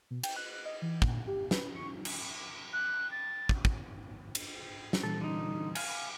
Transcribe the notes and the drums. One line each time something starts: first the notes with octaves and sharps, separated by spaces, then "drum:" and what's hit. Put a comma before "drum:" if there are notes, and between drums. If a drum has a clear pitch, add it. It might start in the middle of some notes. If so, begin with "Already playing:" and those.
B2
G5, drum: cymbal
F#6
D#5
E3
A#2, drum: kick
G4
B4, drum: snare
C#6
drum: cymbal
F#6
A6
drum: kick
drum: kick
drum: cymbal
drum: snare
A#2 E3 G3 A4
D3 D#4
F5 G#5, drum: cymbal